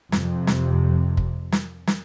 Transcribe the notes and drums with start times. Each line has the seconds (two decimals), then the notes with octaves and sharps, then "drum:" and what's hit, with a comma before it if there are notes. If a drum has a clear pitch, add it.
0.12 F2 C3, drum: snare
0.47 drum: snare
1.17 drum: kick
1.52 drum: snare
1.87 drum: snare